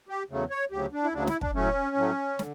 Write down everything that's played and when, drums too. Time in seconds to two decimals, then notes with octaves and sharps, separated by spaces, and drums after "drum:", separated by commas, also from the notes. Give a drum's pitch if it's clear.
0.09 G4
0.30 E2 C#3 F#3 A3
0.50 C#5
0.71 D2 C#3 F#3 G4
0.93 D4
1.04 E4
1.13 D2 C#3 F#3 D4
1.27 E4, drum: snare
1.41 D4, drum: kick
1.55 A2 F#3 A3 C#4
1.96 A2 F#3 A3
2.39 D3, drum: snare